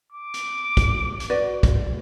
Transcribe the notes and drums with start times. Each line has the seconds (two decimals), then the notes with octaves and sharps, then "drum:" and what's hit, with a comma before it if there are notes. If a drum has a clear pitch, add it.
0.12 D6
0.34 drum: hi-hat
0.77 drum: kick, hi-hat
1.20 drum: hi-hat
1.30 F#4 B4 D5
1.63 drum: kick, hi-hat